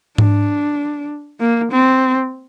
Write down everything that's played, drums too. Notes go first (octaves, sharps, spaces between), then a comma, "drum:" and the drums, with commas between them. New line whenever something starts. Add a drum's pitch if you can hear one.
D4, drum: tom G#2
A#3
C4